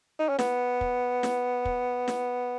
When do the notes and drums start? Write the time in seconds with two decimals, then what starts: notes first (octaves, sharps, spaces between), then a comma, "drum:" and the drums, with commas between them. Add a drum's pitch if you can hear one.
0.19 D#4
0.29 C#4
0.39 B3, drum: snare
0.81 drum: kick
1.23 drum: snare
1.65 drum: kick
2.08 drum: snare